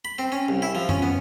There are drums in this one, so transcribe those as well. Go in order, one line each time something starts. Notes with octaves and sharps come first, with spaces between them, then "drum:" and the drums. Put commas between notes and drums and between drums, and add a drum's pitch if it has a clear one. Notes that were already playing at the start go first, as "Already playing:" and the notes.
B5
C4
C#4
C2
E4
F3
C#4, drum: tom
B3